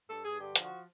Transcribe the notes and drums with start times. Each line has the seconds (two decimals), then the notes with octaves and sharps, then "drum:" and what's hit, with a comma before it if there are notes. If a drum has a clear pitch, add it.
0.09 G2 A4
0.25 G2 G#4
0.39 D3 G4
0.56 F3, drum: hi-hat
0.63 F#4